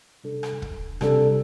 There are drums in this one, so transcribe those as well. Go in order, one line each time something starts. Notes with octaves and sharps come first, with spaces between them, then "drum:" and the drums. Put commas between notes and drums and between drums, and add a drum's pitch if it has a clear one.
C3 G3 D4 A4
drum: rim click
drum: kick
C3 G3 D4 A4, drum: rim click